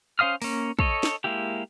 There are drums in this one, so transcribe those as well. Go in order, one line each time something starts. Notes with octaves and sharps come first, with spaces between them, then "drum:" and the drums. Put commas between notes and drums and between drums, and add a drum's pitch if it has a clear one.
C#4 C5 F5 D#6 F6
A#3 C#4, drum: open hi-hat
A4 C#5 D#5, drum: kick
drum: snare
G#3 A#3 E4 G4